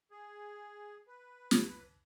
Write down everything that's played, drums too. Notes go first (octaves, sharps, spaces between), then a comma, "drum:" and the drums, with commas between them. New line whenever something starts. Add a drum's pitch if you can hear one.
G#4
B4
drum: snare